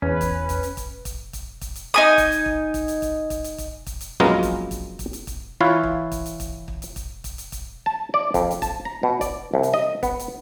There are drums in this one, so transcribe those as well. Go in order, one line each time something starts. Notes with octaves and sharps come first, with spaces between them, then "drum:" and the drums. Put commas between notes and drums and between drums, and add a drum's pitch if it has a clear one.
E2 C#4 B4
drum: kick, hi-hat
drum: kick, hi-hat
drum: hi-hat
drum: kick, hi-hat
drum: kick, hi-hat
drum: kick, hi-hat
drum: kick, hi-hat
drum: hi-hat
D#4 G#5 D#6
drum: kick, hi-hat
drum: hi-hat
drum: kick
drum: kick, hi-hat
drum: hi-hat
drum: kick, hi-hat
drum: kick, hi-hat
drum: hi-hat
drum: kick, hi-hat
drum: kick, hi-hat
drum: hi-hat
A#1 F#2 G#3 B3 F4 A#5
drum: kick, hi-hat
drum: kick, hi-hat
drum: kick, hi-hat
drum: hi-hat
drum: kick, hi-hat
E3 E4 F4 B4 C#5 F5
drum: kick
drum: kick, hi-hat
drum: hi-hat
drum: kick, hi-hat
drum: kick
drum: hi-hat
drum: kick, hi-hat
drum: kick, hi-hat
drum: hi-hat
drum: kick, hi-hat
A5
D5
F2, drum: kick, hi-hat
drum: hi-hat
A5, drum: kick, hi-hat
A#5
B2
D5, drum: kick, hi-hat
C2
drum: hi-hat
D#5
B3, drum: kick, hi-hat
drum: hi-hat